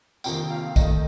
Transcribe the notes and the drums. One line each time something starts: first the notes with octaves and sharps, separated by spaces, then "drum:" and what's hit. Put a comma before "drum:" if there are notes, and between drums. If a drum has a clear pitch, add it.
F2 C3 D#3 A#3 G5, drum: tambourine
F5
D#2 D#3 A3 D#5, drum: kick, tambourine